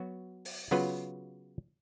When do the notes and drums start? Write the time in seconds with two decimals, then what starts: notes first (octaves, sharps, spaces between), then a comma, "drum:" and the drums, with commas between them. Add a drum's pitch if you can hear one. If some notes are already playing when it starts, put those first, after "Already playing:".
Already playing: F#3 B3 F#4
0.45 drum: open hi-hat
0.71 C#3 F#3 B3 F4 B4